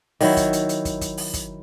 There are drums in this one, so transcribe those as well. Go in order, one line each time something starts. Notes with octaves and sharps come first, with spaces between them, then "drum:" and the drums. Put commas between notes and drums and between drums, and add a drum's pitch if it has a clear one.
D#3 F#3 E4, drum: open hi-hat
drum: kick, hi-hat
drum: hi-hat
drum: hi-hat
drum: kick, hi-hat
drum: kick, hi-hat
drum: open hi-hat
drum: kick, hi-hat